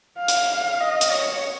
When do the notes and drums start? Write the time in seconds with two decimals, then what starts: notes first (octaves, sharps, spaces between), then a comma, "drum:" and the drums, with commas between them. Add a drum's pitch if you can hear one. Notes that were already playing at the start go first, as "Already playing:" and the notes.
0.18 F5
0.28 drum: hi-hat
0.80 D#5
1.01 drum: hi-hat
1.11 C#5